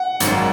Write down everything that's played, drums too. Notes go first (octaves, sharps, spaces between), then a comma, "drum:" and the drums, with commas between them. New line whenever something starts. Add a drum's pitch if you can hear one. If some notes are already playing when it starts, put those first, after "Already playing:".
Already playing: F#5
G#1 F#2 D#3, drum: hi-hat